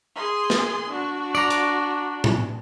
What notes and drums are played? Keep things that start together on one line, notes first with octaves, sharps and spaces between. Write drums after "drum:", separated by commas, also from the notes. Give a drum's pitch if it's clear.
G#4 C6
drum: snare
D4 F#4
D5 A#5, drum: tambourine
drum: hi-hat
drum: tom A2